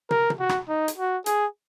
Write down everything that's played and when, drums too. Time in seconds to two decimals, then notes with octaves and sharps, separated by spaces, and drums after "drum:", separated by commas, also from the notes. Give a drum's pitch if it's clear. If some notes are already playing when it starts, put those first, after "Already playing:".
0.11 A#4, drum: tom
0.30 drum: tom
0.40 F#4
0.49 drum: rim click
0.69 D#4
0.88 drum: hi-hat
0.98 F#4
1.26 G#4, drum: hi-hat